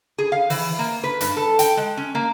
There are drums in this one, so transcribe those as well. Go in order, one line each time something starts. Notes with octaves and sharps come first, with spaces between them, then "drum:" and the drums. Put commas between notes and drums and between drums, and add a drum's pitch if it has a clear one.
G#4
F5
E3, drum: open hi-hat
A#3
B4
G2, drum: hi-hat
A4
G5, drum: hi-hat
G#3
C#4
A#3